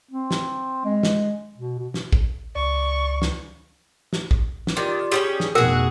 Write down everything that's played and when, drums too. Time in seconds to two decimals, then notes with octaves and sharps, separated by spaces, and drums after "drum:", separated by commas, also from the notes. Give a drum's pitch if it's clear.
0.11 C4
0.31 drum: snare
0.85 G#3
1.03 drum: snare
1.58 B2
1.78 B2
1.94 drum: snare
2.13 drum: kick A1
2.56 C#2 D5 C#6
3.22 drum: snare
4.13 drum: snare
4.31 drum: kick A1
4.67 drum: snare
4.77 D#3 F4 G4 D5
5.12 G3 C4 C#4 G#4
5.40 drum: snare
5.55 F1 B2 F#4 G#4 A#4 F#6